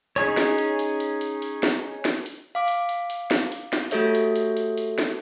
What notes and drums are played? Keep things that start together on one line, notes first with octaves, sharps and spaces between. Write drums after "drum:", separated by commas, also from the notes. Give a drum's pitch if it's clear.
C#4 D#4 G#4 C#5, drum: hi-hat
drum: snare
drum: hi-hat
drum: hi-hat
drum: hi-hat
drum: hi-hat
drum: hi-hat
drum: snare
drum: snare
drum: hi-hat
F5 D6
drum: hi-hat
drum: hi-hat
drum: hi-hat
drum: snare
drum: hi-hat
drum: snare
A3 F#4 G4 A4 C#5 E5, drum: hi-hat
drum: hi-hat
drum: hi-hat
drum: hi-hat
drum: hi-hat
drum: snare